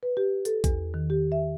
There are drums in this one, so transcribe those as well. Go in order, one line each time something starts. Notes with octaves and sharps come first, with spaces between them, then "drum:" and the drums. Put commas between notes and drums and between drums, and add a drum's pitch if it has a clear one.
B4
G4
A4, drum: hi-hat
E2, drum: kick A#1, hi-hat
D#3
G4
E5